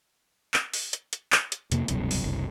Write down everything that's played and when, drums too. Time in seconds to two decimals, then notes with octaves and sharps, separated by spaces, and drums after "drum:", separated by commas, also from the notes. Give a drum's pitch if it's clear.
0.54 drum: clap
0.73 drum: open hi-hat
0.93 drum: hi-hat
1.13 drum: hi-hat
1.32 drum: clap
1.52 drum: hi-hat
1.72 F2 C3 A#3, drum: hi-hat
1.88 D1 C2 F#2 B2, drum: hi-hat
2.11 drum: open hi-hat
2.23 F#1 C2